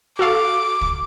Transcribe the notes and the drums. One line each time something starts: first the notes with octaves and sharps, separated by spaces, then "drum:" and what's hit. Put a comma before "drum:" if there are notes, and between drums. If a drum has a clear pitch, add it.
F#4 A4 F5 D6
drum: kick